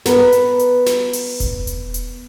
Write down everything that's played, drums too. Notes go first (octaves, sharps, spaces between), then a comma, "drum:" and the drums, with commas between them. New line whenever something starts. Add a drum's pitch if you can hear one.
B3 A#4, drum: snare
drum: hi-hat
drum: hi-hat
drum: snare
drum: open hi-hat
drum: kick E1, hi-hat
drum: hi-hat
drum: hi-hat